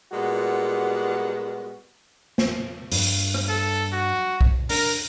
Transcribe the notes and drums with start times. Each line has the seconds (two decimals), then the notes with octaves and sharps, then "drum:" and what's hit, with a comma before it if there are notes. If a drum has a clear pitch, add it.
0.12 A#2 G3 G#3 B3 F#4
2.38 drum: snare
2.92 G2, drum: open hi-hat
3.34 drum: rim click
3.49 A4
3.92 F#4
4.41 drum: kick B1
4.69 D4 A#4, drum: open hi-hat